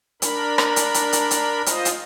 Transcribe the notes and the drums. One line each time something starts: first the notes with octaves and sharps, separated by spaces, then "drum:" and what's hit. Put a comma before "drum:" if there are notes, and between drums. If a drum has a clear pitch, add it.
D4 A#4 B5, drum: hi-hat
drum: rim click
drum: hi-hat
drum: hi-hat
drum: hi-hat
drum: hi-hat
F4 C5 D#5, drum: hi-hat
drum: hi-hat